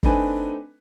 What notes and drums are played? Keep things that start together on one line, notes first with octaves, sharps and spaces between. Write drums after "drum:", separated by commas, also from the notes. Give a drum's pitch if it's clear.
A3 C4 D4 D#4 B4 G#5, drum: kick